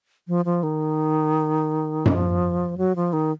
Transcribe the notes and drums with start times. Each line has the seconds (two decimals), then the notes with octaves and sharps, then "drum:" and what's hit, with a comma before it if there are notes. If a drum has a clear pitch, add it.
0.28 F3
0.45 F3
0.63 D#3
2.06 F3, drum: tom F#2
2.78 F#3
2.96 F3
3.13 D#3